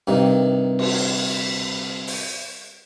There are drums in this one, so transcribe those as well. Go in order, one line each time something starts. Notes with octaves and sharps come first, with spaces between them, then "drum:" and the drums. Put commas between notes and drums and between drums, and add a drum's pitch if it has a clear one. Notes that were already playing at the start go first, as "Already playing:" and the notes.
G2 C3 D#3
drum: cymbal
drum: open hi-hat